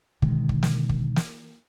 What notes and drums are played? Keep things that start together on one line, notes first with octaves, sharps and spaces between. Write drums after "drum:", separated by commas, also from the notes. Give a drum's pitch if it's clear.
B2 D3 D#3 G#3, drum: kick
drum: kick
drum: snare
drum: kick
drum: snare